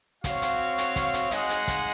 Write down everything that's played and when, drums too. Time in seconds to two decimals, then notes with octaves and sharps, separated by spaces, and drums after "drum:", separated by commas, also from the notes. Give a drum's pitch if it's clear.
0.24 C4 F#4 C#5 F5, drum: kick, hi-hat
0.42 drum: hi-hat
0.78 drum: hi-hat
0.96 drum: kick, hi-hat
1.14 drum: hi-hat
1.31 G#3 D#4 G#4 D#5 F#5, drum: hi-hat
1.50 drum: hi-hat
1.68 drum: kick, hi-hat